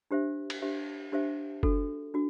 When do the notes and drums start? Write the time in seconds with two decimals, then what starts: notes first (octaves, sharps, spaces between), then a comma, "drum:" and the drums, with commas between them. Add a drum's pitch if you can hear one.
0.11 D4 G4 C5 E5
0.50 drum: cymbal
0.62 D4 G4 C5 E5
1.12 D4 G4 C5 E5
1.63 D4 F#4 A4, drum: kick F#1
2.14 D4 F#4